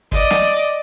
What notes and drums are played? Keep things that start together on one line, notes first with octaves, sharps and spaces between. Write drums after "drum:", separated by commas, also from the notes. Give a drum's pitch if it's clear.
D5 D#5, drum: kick
drum: snare